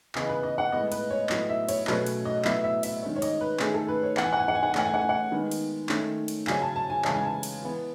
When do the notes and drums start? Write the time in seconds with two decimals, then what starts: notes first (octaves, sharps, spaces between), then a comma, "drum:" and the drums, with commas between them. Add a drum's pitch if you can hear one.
0.15 C#3 E3 B3 D#5, drum: clap
0.29 B4
0.43 D#5
0.58 F#5
0.72 A2 G#3 B3 D#5
0.92 B4, drum: cymbal
1.11 C#5
1.29 A2 F#3 B3 D#5, drum: clap
1.49 E5
1.69 C#5, drum: cymbal
1.87 B2 F#3 A3 C#4 B4, drum: clap
2.06 drum: cymbal
2.25 D#5
2.45 A2 F#3 B3 E5, drum: clap
2.64 E5
2.83 E5, drum: cymbal
3.02 D#3 G#3 C#4
3.16 C#5
3.22 D#5, drum: cymbal
3.41 B4
3.60 D#3 A3 C#4 G#4, drum: clap
3.74 A4
3.88 B4
4.03 C#5
4.17 E3 B3 F#5, drum: clap
4.25 G#5
4.33 F#5
4.40 G#5
4.48 F#5
4.55 G#5
4.63 F#5
4.71 G#5
4.75 E3 A3 C#4 F#5, drum: clap
4.86 G#5
4.94 F#5
5.01 G#5
5.09 F#5
5.32 D#3 G#3 B3
5.51 drum: cymbal
5.89 D#3 A3 C#4, drum: clap
6.28 drum: cymbal
6.47 C#3 F#3 C#4 G#5, drum: clap
6.62 A5
6.76 A5
6.90 G#5
7.05 C#3 E3 G#3 C#4 A5, drum: clap
7.15 G#5
7.25 A5
7.43 drum: cymbal
7.63 E3 B3